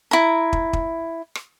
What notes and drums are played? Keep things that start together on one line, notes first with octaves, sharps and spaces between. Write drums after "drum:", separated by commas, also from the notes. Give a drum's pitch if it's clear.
E4 A#5
drum: kick
drum: kick
drum: rim click